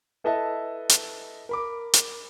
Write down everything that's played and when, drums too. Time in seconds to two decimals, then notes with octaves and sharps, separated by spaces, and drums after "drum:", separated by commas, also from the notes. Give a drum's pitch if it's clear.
0.24 E4 A4 B4 D#5 E5 A5
0.89 drum: hi-hat
1.49 A#4 B5 D6
1.93 drum: hi-hat